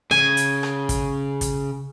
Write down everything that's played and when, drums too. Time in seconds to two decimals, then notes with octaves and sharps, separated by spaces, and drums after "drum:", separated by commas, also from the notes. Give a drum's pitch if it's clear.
0.11 C#3 G#5
0.37 drum: hi-hat
0.63 drum: rim click
0.89 drum: kick, hi-hat
1.41 drum: kick, hi-hat